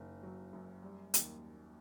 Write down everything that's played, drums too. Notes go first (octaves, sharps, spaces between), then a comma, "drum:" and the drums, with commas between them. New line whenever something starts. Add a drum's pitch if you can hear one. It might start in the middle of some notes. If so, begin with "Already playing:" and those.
Already playing: F#1 D#3
F#3
F#2
G3
D#2, drum: hi-hat